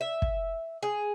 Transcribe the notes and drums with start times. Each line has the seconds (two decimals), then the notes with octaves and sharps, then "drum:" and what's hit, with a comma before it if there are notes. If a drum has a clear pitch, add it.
0.01 E5
0.22 drum: kick
0.83 G#4